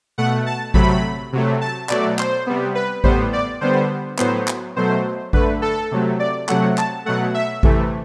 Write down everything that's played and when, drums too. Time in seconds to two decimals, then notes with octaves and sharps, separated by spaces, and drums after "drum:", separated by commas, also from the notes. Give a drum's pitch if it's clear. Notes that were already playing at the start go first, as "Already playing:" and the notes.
0.18 B2 A3 F#5
0.46 A5
0.74 C3 F#3 A3 B5, drum: kick A1
1.33 C3 F#3 A3
1.61 A5
1.89 B2 F#3 A3 D5, drum: clap
2.19 C5, drum: clap
2.47 C3 G3 B3
2.75 B4
3.04 A2 G3 B3 C5, drum: kick A1
3.33 D5
3.61 D3 G3 B3 C5
4.18 A2 F#3 B3 C5, drum: clap
4.48 drum: clap
4.76 B2 F#3 A3 C5
5.33 D3 A3 B4, drum: kick A1
5.62 A4
5.91 C3 F#3 A3
6.20 D5
6.49 C3 F#3 A3 F#5, drum: clap
6.78 A5, drum: clap
7.05 B2 F#3 A3 F#5
7.34 E5
7.63 C3 E3 A3, drum: kick A1